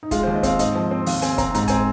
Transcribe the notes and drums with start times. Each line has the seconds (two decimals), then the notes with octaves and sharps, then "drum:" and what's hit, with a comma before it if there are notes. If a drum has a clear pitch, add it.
0.03 D#4
0.11 G#3 F4, drum: kick, hi-hat
0.23 D#2 C5
0.35 D#5
0.43 C4 F5, drum: kick, hi-hat
0.59 G#2 D#5, drum: hi-hat
0.75 F3
0.91 C4
1.06 D#2 F5, drum: open hi-hat
1.22 C4 G#5, drum: hi-hat
1.38 C4 A#5, drum: kick, hi-hat
1.54 G#2 A#5, drum: hi-hat
1.68 C4 G#5, drum: kick, hi-hat